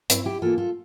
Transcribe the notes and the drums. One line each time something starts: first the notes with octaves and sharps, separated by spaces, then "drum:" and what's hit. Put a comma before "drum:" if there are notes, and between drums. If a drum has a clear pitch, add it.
G2 C4 E4, drum: hi-hat
E4 G4
E3 A#3 F4 A4
F4 A4